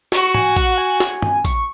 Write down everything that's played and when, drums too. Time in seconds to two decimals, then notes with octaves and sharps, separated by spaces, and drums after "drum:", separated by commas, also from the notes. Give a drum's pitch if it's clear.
0.12 F#4 C#6, drum: snare
0.34 G#5, drum: tom
0.56 F#5, drum: kick, hi-hat
0.70 F#5
0.78 G#5
1.00 drum: snare
1.22 drum: tom
1.45 C#6, drum: kick, hi-hat